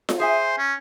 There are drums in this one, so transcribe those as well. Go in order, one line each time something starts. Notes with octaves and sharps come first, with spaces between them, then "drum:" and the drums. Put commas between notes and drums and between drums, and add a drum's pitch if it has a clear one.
drum: snare F4
G#4 C5 E5 G#5
C#4